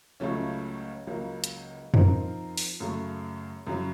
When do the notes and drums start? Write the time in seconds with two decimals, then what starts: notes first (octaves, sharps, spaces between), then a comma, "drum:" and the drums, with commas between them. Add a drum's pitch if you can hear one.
0.20 C#2 C#3 F#3 A3 C#4
1.07 C#2 C#3 F#3 A#3
1.44 drum: hi-hat
1.94 F3 C4 D#4 A#4, drum: tom F2
2.58 drum: open hi-hat
2.80 F#2 C#3 F#3 A3
3.67 F#2 C#3 F#3